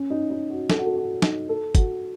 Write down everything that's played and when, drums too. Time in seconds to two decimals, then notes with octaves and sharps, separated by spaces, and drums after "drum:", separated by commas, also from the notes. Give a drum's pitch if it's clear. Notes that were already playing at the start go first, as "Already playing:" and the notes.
Already playing: C#4
0.10 D#4
0.30 D#4
0.50 F#4
0.70 A4, drum: snare
0.78 F#4
0.86 A4
0.96 F#4
1.22 D#4, drum: snare
1.49 A4
1.75 F#4, drum: kick, hi-hat